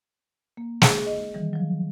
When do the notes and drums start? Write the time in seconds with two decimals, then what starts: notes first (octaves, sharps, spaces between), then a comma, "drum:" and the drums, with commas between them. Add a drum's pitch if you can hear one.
0.57 A#3
0.82 G#4, drum: snare
1.06 D#5
1.34 D#3 E3 G3
1.53 F3 F#3